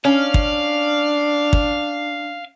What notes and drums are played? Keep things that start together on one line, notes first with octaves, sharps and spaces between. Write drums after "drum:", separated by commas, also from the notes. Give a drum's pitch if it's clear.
C#4 D4 F5
drum: kick
drum: kick